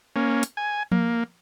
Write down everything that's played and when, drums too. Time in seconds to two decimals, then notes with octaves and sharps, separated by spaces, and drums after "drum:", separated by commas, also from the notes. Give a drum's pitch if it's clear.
0.16 A#3 C#4
0.43 drum: hi-hat
0.57 G#5
0.92 A#3, drum: tom F3